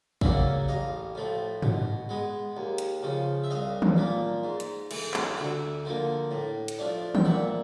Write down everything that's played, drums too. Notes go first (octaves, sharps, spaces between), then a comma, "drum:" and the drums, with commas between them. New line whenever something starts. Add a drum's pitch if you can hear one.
C#3 F#3 A#3 C#4 D5 E5, drum: kick
A1 D#5 F5
A2 F3 A3
B2, drum: tom G2
G#3 B3
D#2
drum: hi-hat
C#3 F3
E5
C2 D#5 F5
drum: tom D#3
A#2 F3 A#3
G#2
drum: hi-hat
E3 A3, drum: cymbal
drum: clap
D2 E5 F#5
D3 F3 A#3
A2
drum: hi-hat
F3 A3 D4
G5, drum: tom D#3
A#2 E5 F#5